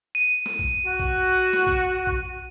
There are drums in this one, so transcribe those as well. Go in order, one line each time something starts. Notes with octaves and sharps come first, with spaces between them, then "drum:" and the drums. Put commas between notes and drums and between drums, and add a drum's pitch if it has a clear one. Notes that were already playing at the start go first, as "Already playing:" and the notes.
D#7
drum: snare
drum: kick A#1
F#4
drum: kick A#1
drum: snare
drum: kick A#1
drum: kick A#1